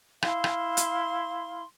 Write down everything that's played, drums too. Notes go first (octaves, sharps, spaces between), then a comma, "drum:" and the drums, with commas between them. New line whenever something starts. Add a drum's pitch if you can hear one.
E4 F5 C6, drum: rim click
drum: rim click
drum: hi-hat